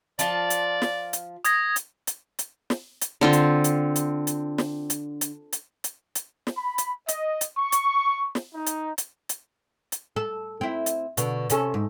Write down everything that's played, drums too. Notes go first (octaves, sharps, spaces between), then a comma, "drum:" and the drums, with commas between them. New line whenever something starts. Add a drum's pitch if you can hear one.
F3 F4 D5 A5, drum: hi-hat
drum: hi-hat
drum: snare
drum: hi-hat
D#6 G#6 A#6, drum: hi-hat
drum: hi-hat
drum: hi-hat
drum: hi-hat
drum: snare
drum: hi-hat
D3 C4 F4
drum: hi-hat
drum: hi-hat
drum: hi-hat
drum: hi-hat
drum: snare
drum: hi-hat
drum: hi-hat
drum: hi-hat
drum: hi-hat
drum: hi-hat
drum: snare
B5
drum: hi-hat
D#5, drum: hi-hat
drum: hi-hat
C#6
drum: hi-hat
drum: snare
D#4
drum: hi-hat
drum: hi-hat
drum: hi-hat
drum: hi-hat
A4
C4 E4
drum: hi-hat
B2 D3, drum: hi-hat
C3 C#4 A4, drum: hi-hat
G#2